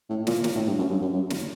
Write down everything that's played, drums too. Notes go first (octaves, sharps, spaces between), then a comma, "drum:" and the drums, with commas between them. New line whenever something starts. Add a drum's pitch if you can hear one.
A2
A#2, drum: snare
A#2, drum: snare
A2
G2
F#2
G2
F#2
F#2
drum: snare